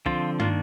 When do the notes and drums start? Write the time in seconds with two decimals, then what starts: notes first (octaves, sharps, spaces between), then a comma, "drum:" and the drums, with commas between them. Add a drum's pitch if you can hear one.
0.06 D3 F3 C4 F4, drum: kick
0.40 D#3 A#3 D4 F4, drum: tom